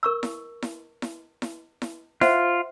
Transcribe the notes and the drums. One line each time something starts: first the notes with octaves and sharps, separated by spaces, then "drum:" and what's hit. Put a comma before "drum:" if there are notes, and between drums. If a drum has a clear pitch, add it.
A#4 C#6 E6
drum: snare E4
drum: snare E4
drum: snare E4
drum: snare E4
drum: snare E4
F4 C5 E5 F#5, drum: snare E4